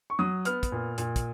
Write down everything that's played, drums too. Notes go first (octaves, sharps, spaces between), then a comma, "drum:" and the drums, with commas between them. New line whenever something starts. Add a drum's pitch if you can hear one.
C#6
F#3 D#6
B3 F6, drum: hi-hat
drum: kick, hi-hat
A#2
A#2, drum: hi-hat
drum: kick, hi-hat